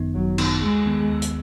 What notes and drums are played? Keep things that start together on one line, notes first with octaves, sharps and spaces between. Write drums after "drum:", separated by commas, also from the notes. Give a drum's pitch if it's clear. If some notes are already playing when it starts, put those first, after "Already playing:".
Already playing: G#1 F#2 D#3 B3 D#4
G#1 F#3
F#2 D#3 B3 D#4, drum: cymbal
D#2 G#3
D#3 B3
D#2
drum: hi-hat